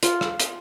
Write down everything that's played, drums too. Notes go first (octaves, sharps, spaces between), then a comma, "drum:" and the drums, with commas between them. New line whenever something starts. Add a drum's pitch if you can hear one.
F4, drum: hi-hat
drum: rim click
drum: hi-hat